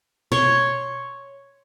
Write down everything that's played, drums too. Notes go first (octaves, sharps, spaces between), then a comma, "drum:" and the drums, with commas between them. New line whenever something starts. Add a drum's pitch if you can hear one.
C#5 C6 C#6, drum: tom B2